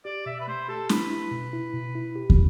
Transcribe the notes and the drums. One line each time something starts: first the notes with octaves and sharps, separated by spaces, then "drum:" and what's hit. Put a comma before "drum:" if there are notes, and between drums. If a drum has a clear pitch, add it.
G4 D5
B2 E5
B4
A3 C5
G4 A4
E4 B4, drum: snare
E4
B2
E4
B2
E4
G4
drum: kick